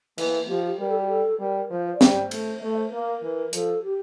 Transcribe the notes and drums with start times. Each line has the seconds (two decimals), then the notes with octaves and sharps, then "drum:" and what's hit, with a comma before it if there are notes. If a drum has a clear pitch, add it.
0.18 E3 A#3, drum: cymbal
0.48 F3 G4
0.64 G4
0.79 G3 A#4
0.89 A4
0.98 G4
1.08 A4
1.39 G3 A#4
1.70 F3 C5
1.86 C5
1.95 D5
2.01 G3, drum: snare
2.06 C5
2.31 A3, drum: cymbal
2.61 A3 E5
2.77 C5
2.92 A#3 A#4
3.23 E3
3.53 F3 A4, drum: hi-hat
3.83 G4